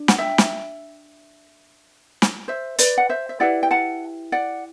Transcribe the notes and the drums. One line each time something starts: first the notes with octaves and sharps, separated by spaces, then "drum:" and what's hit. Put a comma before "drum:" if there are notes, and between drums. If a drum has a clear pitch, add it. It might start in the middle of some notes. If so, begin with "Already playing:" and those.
Already playing: D4
F#5, drum: snare
E5 G5
drum: snare
drum: snare
C5 E5
B4 D5, drum: hi-hat
F#5
C5 E5
E5
E4 G4 B4 D5 F#5
G5
F#5 A5
D5 F#5